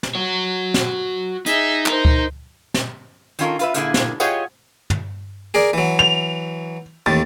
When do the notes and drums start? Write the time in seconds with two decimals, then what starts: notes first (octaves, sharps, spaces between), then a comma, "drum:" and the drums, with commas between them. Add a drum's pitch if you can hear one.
0.03 drum: snare
0.15 F#4 C#5
0.74 drum: snare
1.46 D#4 G#4 E5, drum: hi-hat
1.86 D#4 A#4 C5, drum: clap
2.05 drum: kick C#2
2.74 drum: snare
3.39 D#3 C#4 F4 A4 A#4, drum: hi-hat
3.59 F4 B4 E5, drum: hi-hat
3.74 A#2 D3 A#3 E4 F4 G#4, drum: hi-hat
3.94 drum: snare
4.20 F4 G4 G#4 C#5 D#5 F#5, drum: tambourine
4.90 drum: tom
5.54 G#4 A#4 D5
5.73 E3 F#3
5.99 F7
7.06 A1 D#2 D#3 A6